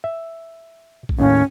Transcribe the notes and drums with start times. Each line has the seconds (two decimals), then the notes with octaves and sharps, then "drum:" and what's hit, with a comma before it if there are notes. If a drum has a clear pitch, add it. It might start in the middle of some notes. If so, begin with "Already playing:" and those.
0.04 E5
1.09 drum: kick A#1
1.18 D#2 A2 A#3 C#4